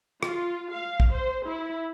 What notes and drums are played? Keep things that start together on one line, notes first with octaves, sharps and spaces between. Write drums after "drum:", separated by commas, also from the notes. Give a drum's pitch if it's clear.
F4, drum: rim click
F5
drum: kick
C5
E4